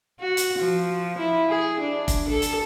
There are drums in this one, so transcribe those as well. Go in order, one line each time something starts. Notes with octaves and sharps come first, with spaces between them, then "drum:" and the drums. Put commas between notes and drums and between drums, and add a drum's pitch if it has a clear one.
F#4
drum: hi-hat
F3
E4
G#4
D4
drum: kick, hi-hat
A4
drum: hi-hat